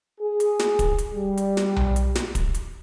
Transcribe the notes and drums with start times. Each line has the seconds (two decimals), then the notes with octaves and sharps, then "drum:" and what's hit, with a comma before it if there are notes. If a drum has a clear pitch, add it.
0.20 G#4
0.40 drum: hi-hat
0.59 drum: snare
0.79 drum: kick, hi-hat
0.98 drum: hi-hat
1.14 G3
1.37 drum: hi-hat
1.57 drum: snare
1.76 drum: tom B1
1.96 drum: hi-hat
2.15 drum: snare
2.35 drum: kick, hi-hat
2.54 drum: hi-hat